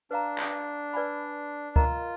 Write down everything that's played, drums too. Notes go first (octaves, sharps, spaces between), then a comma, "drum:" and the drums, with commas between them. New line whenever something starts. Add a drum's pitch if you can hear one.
D4 B4 F5 A#5
drum: clap
B4 D5 G#5 B5
F4 A#4 D#5 A#5, drum: kick C#2